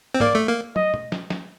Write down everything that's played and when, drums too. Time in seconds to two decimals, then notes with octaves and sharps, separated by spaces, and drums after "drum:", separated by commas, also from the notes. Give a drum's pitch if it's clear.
0.14 C4
0.20 A#3 D5, drum: tom
0.35 A3
0.48 A#3
0.76 D#5, drum: tom
0.94 drum: tom
1.12 drum: snare
1.30 drum: snare